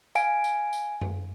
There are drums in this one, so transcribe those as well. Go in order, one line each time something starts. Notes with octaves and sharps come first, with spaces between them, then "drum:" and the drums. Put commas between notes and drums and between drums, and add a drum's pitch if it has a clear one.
F5 G#5 D7, drum: tambourine
drum: tambourine
drum: tambourine
drum: tom F#2